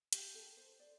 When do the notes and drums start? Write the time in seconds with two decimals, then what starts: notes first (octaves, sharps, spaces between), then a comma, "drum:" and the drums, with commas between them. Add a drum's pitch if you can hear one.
0.13 G4, drum: hi-hat
0.35 A4
0.57 C5
0.80 D5